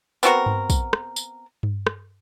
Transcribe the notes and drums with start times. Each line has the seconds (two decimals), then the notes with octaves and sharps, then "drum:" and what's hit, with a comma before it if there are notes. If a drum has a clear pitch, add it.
0.23 B3 C4 F#4 A#4, drum: tambourine
0.46 drum: tom G2
0.70 drum: kick, tambourine
0.93 drum: rim click
1.16 drum: tambourine
1.63 drum: tom G2
1.87 drum: rim click